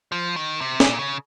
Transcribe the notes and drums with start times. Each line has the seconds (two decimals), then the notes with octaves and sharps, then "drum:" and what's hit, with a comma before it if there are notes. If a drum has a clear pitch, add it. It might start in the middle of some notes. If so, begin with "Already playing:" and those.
0.12 F3
0.36 D#3
0.61 C3
0.80 A#2, drum: snare
0.99 C#3